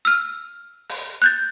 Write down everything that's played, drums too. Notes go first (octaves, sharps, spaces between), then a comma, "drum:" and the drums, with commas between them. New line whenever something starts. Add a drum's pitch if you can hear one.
E6 F6
drum: open hi-hat
F#6 G6 A6